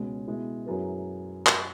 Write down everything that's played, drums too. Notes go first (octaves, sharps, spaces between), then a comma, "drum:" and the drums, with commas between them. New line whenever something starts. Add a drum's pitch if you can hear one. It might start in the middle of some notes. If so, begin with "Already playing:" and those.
Already playing: C#2 B2 G#3 C#4
B2 G#3 E4
F#2 F#3 E4 G#4 B4
drum: clap